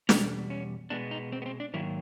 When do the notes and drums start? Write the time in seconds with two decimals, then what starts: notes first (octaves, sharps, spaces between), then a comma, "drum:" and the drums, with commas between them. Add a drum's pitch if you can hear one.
0.09 E2 B2 G3 C#4, drum: snare
0.50 C#4
0.90 B2 G#3 B3 D4
1.11 D#4
1.32 C4
1.42 B3
1.46 C4
1.60 D4
1.74 G#2 D#3 F#3 A#3 E4